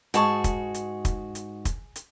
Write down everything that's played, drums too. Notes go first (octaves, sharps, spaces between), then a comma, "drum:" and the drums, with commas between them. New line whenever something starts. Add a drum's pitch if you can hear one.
G#2 F#4 G#4 A5 C#6, drum: hi-hat
drum: kick, hi-hat
drum: hi-hat
drum: kick, hi-hat
drum: hi-hat
drum: kick, hi-hat
drum: hi-hat